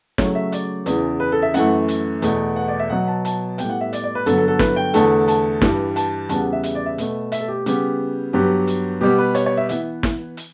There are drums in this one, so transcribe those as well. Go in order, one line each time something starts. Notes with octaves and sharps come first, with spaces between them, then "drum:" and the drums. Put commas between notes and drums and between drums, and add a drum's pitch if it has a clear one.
C#3 F#3 A3 C#5, drum: snare
E5
D5, drum: hi-hat
E2 C#3 E3, drum: hi-hat
B4
A4
E5
F#2 E3 A3 F#5, drum: hi-hat
drum: hi-hat
E2 B2 A3, drum: hi-hat
F#5
D5
E5
B2 F#3 B3 F#5
A5
A5, drum: hi-hat
A2 G3 B3 G5, drum: hi-hat
F#5
E5
D5, drum: hi-hat
D5
B4
G2 D3 F#3 B3 A4, drum: hi-hat
A4
A4
B4, drum: snare
G5
E2 D3 A3 A5, drum: hi-hat
A5, drum: hi-hat
G2 E3 G3, drum: snare
A5, drum: hi-hat
E2 C#3 G3 B3 A5, drum: hi-hat
F#5
E5
E5, drum: hi-hat
D5
E5
B2 A3, drum: hi-hat
E5, drum: hi-hat
A4
G4
C#3 G3 B3 G4, drum: hi-hat
G2 F#3 B3 G4
drum: hi-hat
B2 G3 B3 G4
B4
C#5, drum: hi-hat
C#5
E5
E3 B3 E5, drum: hi-hat
drum: snare
drum: hi-hat